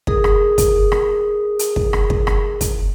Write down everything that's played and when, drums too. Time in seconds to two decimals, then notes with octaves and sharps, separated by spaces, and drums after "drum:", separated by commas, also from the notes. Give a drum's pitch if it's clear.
0.07 G#4 A#4 D#6, drum: kick
0.24 drum: rim click
0.58 drum: kick, hi-hat
0.92 drum: rim click
1.59 drum: hi-hat
1.76 drum: kick
1.93 drum: rim click
2.10 drum: kick
2.27 drum: rim click
2.61 drum: kick, hi-hat